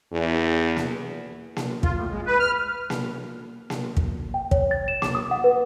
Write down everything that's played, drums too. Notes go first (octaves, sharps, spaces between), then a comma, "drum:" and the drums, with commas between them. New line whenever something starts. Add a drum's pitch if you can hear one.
E2
drum: snare A#3
drum: snare A#3
F4, drum: kick
A2
G#3
B4
F6
drum: snare A#3
drum: snare A#3
drum: kick
G5
C#5, drum: kick
A6
E7
D6, drum: snare A#3
D#6
F#5
B4